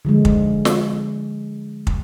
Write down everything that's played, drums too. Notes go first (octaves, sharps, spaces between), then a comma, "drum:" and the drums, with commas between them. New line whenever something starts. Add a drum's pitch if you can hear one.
D3 F3 G#3
drum: kick
drum: snare
drum: kick